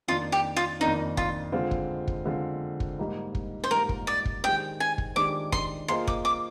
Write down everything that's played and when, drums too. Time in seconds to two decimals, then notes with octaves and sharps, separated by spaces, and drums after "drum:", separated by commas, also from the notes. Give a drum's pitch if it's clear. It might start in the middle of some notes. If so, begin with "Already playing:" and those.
0.08 F2 D#3 A#3 D4 F4
0.32 G4
0.56 F4
0.80 F2 D#3 A#3 D4 D#4
1.17 F4, drum: kick
1.52 D3 G#3 C4 F4
1.71 drum: kick
2.08 drum: kick
2.26 D3 G#3 C4 F4
2.80 drum: kick
2.99 G#2 G3 A#3 D#4
3.35 drum: kick
3.64 C5
3.71 G#2 G3 A#3 D#4 A#4
3.89 drum: kick
4.07 D5
4.25 drum: kick
4.44 D#3 G#3 D4 G4 C5 G5
4.80 G#5
4.98 drum: kick
5.16 D#3 G#3 D4 G4 C5 D6
5.52 C6, drum: kick
5.88 A#3 F4 G#4 C5 D#5 C6
6.07 D6, drum: kick
6.25 D6